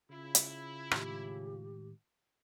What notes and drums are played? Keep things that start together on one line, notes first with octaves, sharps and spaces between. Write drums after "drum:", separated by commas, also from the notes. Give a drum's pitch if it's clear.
C#3 E4 F4
drum: hi-hat
A2 D#3 G#3 G4, drum: rim click